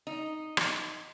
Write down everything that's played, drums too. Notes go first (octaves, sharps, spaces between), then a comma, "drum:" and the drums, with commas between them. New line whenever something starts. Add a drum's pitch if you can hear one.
D#4
drum: rim click